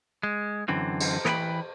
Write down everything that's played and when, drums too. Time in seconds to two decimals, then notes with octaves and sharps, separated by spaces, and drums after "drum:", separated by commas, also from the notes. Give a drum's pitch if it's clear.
0.23 G#3
0.68 F#2 D3 E3 C4
1.00 drum: cymbal
1.25 E3 A#4 B4 D#5 G5 B5, drum: rim click